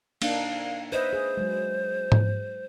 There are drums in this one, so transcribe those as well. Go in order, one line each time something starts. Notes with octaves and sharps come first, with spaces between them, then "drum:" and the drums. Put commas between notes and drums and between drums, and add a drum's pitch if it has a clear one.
A#3 D4 D#4 F5, drum: cymbal
B4 C5 D#5 E5
G#4
F#3 G#3
drum: tom G#2